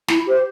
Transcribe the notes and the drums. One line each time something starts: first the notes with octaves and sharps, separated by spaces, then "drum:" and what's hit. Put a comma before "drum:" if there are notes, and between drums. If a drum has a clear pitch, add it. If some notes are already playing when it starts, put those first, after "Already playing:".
E4, drum: snare
G4 C5